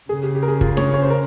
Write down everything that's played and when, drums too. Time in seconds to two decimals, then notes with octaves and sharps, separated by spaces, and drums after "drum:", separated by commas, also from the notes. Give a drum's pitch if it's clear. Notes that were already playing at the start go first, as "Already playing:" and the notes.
0.09 C#3 G#4
0.23 G4
0.35 G4
0.43 A#4
0.48 G#4
0.61 F4, drum: kick
0.77 C#5, drum: snare D4
0.94 C#5
1.02 C5
1.10 A#4